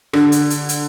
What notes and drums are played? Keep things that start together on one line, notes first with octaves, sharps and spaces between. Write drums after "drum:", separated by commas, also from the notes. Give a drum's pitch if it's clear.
D3, drum: rim click
drum: hi-hat
drum: hi-hat
drum: hi-hat